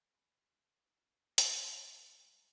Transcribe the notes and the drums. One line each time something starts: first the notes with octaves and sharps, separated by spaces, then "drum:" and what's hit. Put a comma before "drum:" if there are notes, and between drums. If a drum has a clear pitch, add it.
G#5 B5 C6
B2 A4, drum: hi-hat
G5 C7 C#7
G3 G#3 A#5 C7